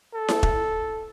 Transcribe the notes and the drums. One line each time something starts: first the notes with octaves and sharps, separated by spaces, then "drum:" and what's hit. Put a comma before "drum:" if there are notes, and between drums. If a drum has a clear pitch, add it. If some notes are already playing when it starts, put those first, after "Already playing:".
A4
drum: snare E4
drum: kick E1